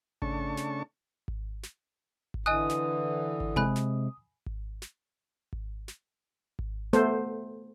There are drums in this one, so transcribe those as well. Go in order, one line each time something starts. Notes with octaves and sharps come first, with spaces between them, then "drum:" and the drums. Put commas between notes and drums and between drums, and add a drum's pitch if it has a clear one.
C#3 A3 D4 A5 C#6, drum: kick G#1
drum: snare
drum: kick G#1
drum: snare
drum: kick G#1
D3 E3 D#5 G#5 D#6 F#6
drum: snare
drum: kick G#1
C3 G#3 G#5 B5 F#6
drum: snare
drum: kick G#1
drum: snare
drum: kick G#1
drum: snare
drum: kick G#1
A3 B3 A4 C5, drum: snare